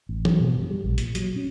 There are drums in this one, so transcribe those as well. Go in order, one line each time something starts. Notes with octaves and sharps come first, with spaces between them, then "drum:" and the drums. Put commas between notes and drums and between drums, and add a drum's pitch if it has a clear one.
A1
F#3, drum: tom E3
B2
G2
G3
A#1
A#2, drum: hi-hat
F#3, drum: hi-hat
C#4